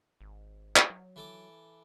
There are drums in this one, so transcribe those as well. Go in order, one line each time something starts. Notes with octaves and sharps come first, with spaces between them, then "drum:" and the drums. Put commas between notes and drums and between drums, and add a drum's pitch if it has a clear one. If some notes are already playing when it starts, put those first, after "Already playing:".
G#1
drum: clap
F#3
E3 A4 D6